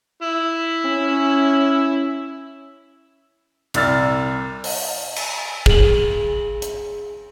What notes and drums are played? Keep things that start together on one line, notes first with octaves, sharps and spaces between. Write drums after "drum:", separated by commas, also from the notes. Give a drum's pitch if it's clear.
E4
C#4
C2 D5 E6 F6 A6, drum: cymbal
drum: open hi-hat
drum: cymbal
G#4 F#7, drum: kick
drum: hi-hat